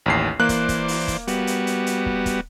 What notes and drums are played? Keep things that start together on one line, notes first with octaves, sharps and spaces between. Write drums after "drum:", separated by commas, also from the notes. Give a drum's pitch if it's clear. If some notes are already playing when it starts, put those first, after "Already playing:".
A1 D#2 C7
E3 A#3 C5 D5 F#6
drum: kick, hi-hat
drum: kick, hi-hat
drum: open hi-hat
drum: kick, hi-hat
G3 B3 F#4, drum: hi-hat
drum: hi-hat
drum: hi-hat
drum: hi-hat
drum: kick
drum: kick, hi-hat